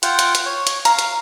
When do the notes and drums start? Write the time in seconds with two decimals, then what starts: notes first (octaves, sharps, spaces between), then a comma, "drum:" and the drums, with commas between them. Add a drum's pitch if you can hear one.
0.03 F4 F#5 G5, drum: hi-hat
0.19 drum: hi-hat
0.35 drum: hi-hat
0.46 C#5
0.67 drum: hi-hat
0.85 F5 A#5, drum: hi-hat
0.99 drum: hi-hat